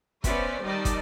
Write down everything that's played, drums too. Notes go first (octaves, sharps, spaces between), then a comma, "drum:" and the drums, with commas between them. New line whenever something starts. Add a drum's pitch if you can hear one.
B3 C#4 B4 C5 D5 E5, drum: kick, hi-hat
D#3 G3 D#4 D5 D#5 A5
drum: kick, hi-hat